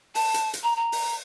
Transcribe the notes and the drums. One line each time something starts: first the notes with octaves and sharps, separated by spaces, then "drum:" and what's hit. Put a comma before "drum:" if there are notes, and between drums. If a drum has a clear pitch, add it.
A5, drum: open hi-hat
drum: hi-hat
drum: hi-hat
A#5
A#5
drum: open hi-hat